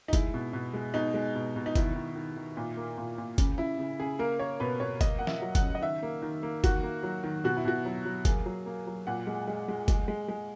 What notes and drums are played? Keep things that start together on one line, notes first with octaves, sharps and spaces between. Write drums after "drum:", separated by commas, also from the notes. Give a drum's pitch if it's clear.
D#4
G#3 E4, drum: kick F#1, hi-hat
B2
B2
G#3
B2 D#4
G#3
B2
B2
D#4
D#3 E4, drum: kick F#1, hi-hat
D#3
D#3
D#3
A#2
A#3
A#2
A#2
C#3, drum: kick F#1, hi-hat
C#3 E4
C#3
C#3 G#4
A#3 A#4
A#3 C#5
B2 B4
B2 C#5
A#3 D#5, drum: kick F#1, hi-hat
A#3 F#5
E5, drum: snare
F#3
F#5, drum: kick F#1, hi-hat
C#3
D#5
D#3 E5
A#3
D#3
A#3
D#3 F#4, drum: kick F#1, hi-hat
A#3
F#3
D#3
B2 F#4
E4
B2 F#4
F#3
F#3
A#3 G#4, drum: kick F#1, hi-hat
F#3
A#3
F#3
A#2 F#5
G#3
G#3
G#3
G#3, drum: kick F#1, hi-hat
G#3
G#3